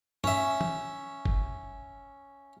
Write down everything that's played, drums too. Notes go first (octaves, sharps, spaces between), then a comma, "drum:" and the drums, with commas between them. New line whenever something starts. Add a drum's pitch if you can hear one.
C#4 E5, drum: tom
drum: tom
drum: kick F#1